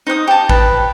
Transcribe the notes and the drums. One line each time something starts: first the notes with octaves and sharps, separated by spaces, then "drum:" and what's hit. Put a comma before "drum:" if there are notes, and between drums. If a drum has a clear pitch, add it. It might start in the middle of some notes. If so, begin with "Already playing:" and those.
D#4 C5 F#5 D#6
G4 A5
B4, drum: kick